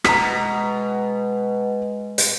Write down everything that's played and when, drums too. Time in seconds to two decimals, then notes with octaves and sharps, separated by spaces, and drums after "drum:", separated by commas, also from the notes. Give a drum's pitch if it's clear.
0.04 B2 G#3 A#5 B6, drum: rim click
2.18 drum: hi-hat